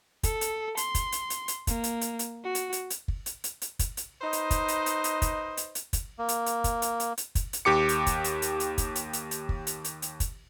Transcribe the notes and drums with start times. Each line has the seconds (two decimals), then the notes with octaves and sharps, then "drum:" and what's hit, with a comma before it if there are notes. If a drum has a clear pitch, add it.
0.23 A4, drum: kick, hi-hat
0.41 drum: hi-hat
0.77 C6, drum: hi-hat
0.95 drum: kick, hi-hat
1.12 drum: hi-hat
1.30 drum: hi-hat
1.48 drum: hi-hat
1.67 A#3, drum: kick, hi-hat
1.84 drum: hi-hat
2.01 drum: hi-hat
2.19 drum: hi-hat
2.44 F#4
2.55 drum: hi-hat
2.73 drum: hi-hat
2.90 drum: hi-hat
3.08 drum: kick
3.26 drum: hi-hat
3.44 drum: hi-hat
3.62 drum: hi-hat
3.79 drum: kick, hi-hat
3.97 drum: hi-hat
4.22 D#4 B4 C5 D#5
4.33 drum: hi-hat
4.51 drum: kick, hi-hat
4.68 drum: hi-hat
4.86 drum: hi-hat
5.04 drum: hi-hat
5.22 drum: kick, hi-hat
5.57 drum: hi-hat
5.75 drum: hi-hat
5.93 drum: kick, hi-hat
6.19 A#3
6.29 drum: hi-hat
6.46 drum: hi-hat
6.64 drum: kick, hi-hat
6.82 drum: hi-hat
7.00 drum: hi-hat
7.18 drum: hi-hat
7.35 drum: kick, hi-hat
7.53 drum: hi-hat
7.65 D#2 G4 D6 C#7
7.89 drum: hi-hat
8.06 drum: kick, hi-hat
8.24 drum: hi-hat
8.42 drum: hi-hat
8.60 drum: hi-hat
8.78 drum: kick, hi-hat
8.95 drum: hi-hat
9.13 drum: hi-hat
9.31 drum: hi-hat
9.49 drum: kick
9.67 drum: hi-hat
9.84 drum: hi-hat
10.02 drum: hi-hat
10.20 drum: kick, hi-hat